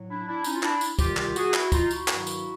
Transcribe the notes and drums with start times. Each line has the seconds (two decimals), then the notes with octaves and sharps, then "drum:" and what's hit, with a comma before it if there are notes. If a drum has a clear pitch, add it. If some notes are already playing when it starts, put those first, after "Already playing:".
Already playing: A2 F#3
0.09 D4 E4
0.26 D4 E4
0.44 C#4 D#4, drum: tambourine
0.55 F4
0.63 D4 E4, drum: clap
0.81 drum: tambourine
0.99 C2 C3 D#3 G3 F4 G4, drum: kick, tambourine
1.17 F4 G4, drum: clap
1.36 F#4 G#4, drum: tambourine
1.54 E4 F#4, drum: clap
1.72 D#4 F4, drum: kick, tambourine
1.91 E4 F#4, drum: tambourine
2.08 G2 D#3 F#3, drum: clap
2.27 drum: tambourine